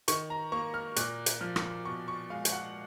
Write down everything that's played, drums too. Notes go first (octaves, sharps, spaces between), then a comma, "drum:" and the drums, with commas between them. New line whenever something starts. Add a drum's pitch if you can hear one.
D#3 C#6, drum: hi-hat
A#5
A#3 C#6
F6
A#2 F#6, drum: hi-hat
drum: hi-hat
F3 F6
drum: rim click
B2 C#6
C#6
G#3 F5
F5, drum: hi-hat
F#5